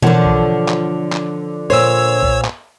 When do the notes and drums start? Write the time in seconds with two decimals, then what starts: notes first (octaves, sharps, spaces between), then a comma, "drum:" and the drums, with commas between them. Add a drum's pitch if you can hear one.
0.02 B2 D3 E3 F3 A#4 C#5 F#5
0.24 drum: kick
0.69 drum: clap
1.13 drum: clap
1.70 A#2 C5 C#5 E6
2.23 drum: kick
2.45 drum: clap